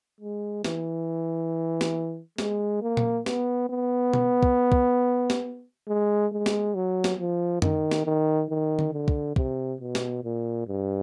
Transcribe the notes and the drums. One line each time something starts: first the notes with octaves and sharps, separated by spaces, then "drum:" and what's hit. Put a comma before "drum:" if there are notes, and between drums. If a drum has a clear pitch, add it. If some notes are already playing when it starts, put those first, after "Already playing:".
G#3
E3, drum: snare
drum: snare
G#3, drum: snare
A#3
drum: tom A#2
B3, drum: snare
B3
drum: tom B2
drum: kick
drum: kick
drum: snare
G#3
G#3
drum: snare
F#3
drum: snare
F3
D#3, drum: tom F#2
drum: snare
D#3
D#3
drum: tom D3
D3
drum: kick
C3, drum: kick
B2
drum: snare
A#2
G2